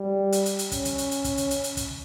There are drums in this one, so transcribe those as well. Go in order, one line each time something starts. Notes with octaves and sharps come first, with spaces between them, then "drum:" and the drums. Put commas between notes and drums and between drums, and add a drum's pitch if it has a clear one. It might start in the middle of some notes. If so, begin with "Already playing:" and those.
Already playing: G3
drum: hi-hat
drum: hi-hat
drum: hi-hat
C#4, drum: kick, hi-hat
drum: hi-hat
drum: hi-hat
drum: hi-hat
drum: kick, hi-hat
drum: hi-hat
drum: hi-hat
drum: hi-hat
drum: kick, hi-hat